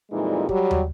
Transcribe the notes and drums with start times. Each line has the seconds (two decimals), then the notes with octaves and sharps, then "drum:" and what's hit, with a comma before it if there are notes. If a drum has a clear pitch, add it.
0.11 F2 A#2 E3 G3 G#3 D#4
0.49 F#3 G3 G4, drum: kick
0.71 drum: tom